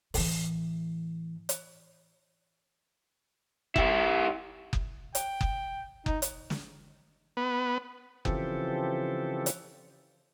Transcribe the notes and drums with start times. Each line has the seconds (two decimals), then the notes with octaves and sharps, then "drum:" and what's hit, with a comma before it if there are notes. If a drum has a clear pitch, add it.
0.14 A2 E3, drum: open hi-hat
1.49 drum: hi-hat
3.76 E4 G4, drum: kick F#1
4.73 drum: kick F#1
5.15 G5, drum: hi-hat
5.41 drum: kick F#1
6.06 D#4, drum: kick F#1
6.22 drum: hi-hat
6.50 drum: snare
7.37 B3
8.25 C#3 E3 F3 C4 G4 A4, drum: kick F#1
9.46 drum: hi-hat